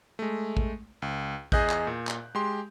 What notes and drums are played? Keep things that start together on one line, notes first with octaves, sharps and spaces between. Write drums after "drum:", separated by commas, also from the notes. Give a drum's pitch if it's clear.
G#3 A3
drum: kick A1
C#2
E2 G#4 D#5 F#6 G6, drum: kick A1
drum: clap
A#2
drum: clap
G#3 G4 C6